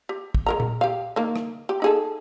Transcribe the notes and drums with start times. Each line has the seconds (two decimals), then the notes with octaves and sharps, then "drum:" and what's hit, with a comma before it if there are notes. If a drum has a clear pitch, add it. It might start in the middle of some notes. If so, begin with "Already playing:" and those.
0.09 G4
0.35 drum: kick
0.46 G#3 A#4 A#5
0.60 drum: tom A#2
0.81 G4 F5
1.16 D#3 A#3
1.36 drum: rim click
1.69 G4
1.82 D#4 G#4 A4